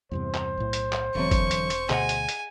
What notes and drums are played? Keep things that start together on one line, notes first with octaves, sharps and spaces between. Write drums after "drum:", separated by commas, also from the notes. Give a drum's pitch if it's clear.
E2 G2 C3 C5
drum: clap
B1 A2
drum: hi-hat
drum: clap
E1 D3 E3 F#3 C4 C#6
drum: kick G1, hi-hat
drum: hi-hat
drum: hi-hat
D2 B2 G#4 D#5 F#5 G#5, drum: clap
drum: hi-hat
drum: hi-hat